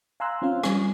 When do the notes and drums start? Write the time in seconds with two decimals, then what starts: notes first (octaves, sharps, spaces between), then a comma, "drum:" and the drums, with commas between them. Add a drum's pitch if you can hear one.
0.20 F5 G#5 A#5 C6 E6 F#6
0.42 C4 C#4 F4 F5
0.64 G3 G#5, drum: rim click